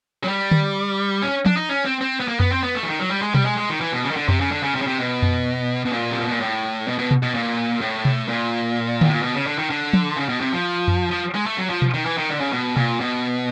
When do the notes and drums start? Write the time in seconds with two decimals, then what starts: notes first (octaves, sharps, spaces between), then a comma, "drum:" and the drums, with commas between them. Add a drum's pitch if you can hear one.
0.23 F#3
0.28 G3
0.51 drum: tom D3
1.22 C#4
1.46 D4, drum: tom F3
1.57 D#4
1.69 C#4
1.85 C4
2.01 C4
2.20 B3
2.28 A#3
2.40 B3, drum: tom F2
2.52 C4
2.63 B3
2.75 A3
2.83 E3
2.88 D#3
2.99 F#3
3.11 G3
3.22 G#3
3.34 G3, drum: tom B2
3.45 G#3
3.57 G#3
3.70 D#3
3.81 E3
3.92 B2
4.04 C#3
4.11 D#3
4.16 D3
4.28 C3, drum: tom F2
4.40 C#3
4.52 D3
4.63 C#3
4.75 C3
4.82 C#3
4.87 C3
4.99 B2
5.22 drum: tom F2
5.85 B2
5.93 A#2
6.11 C3
6.21 B2
6.31 A#2
6.40 A2
6.88 B2
6.98 B2
7.11 drum: tom B2
7.23 B2
7.34 A#2
7.81 A2
8.05 drum: tom B2
8.29 A#2
9.01 A2, drum: tom D3
9.12 A#2
9.23 B2
9.34 C#3
9.47 D3
9.58 D#3
9.70 D3
9.93 drum: tom F3
10.17 C#3
10.29 B2
10.41 C3
10.53 F3
10.88 drum: tom F2
11.11 F3
11.35 G#3
11.46 A3
11.58 F#3
11.70 F3
11.82 drum: tom B2
11.94 D#3
12.06 E3
12.18 D#3
12.30 D3
12.40 C#3
12.53 B2
12.76 A#2, drum: tom B2
13.00 B2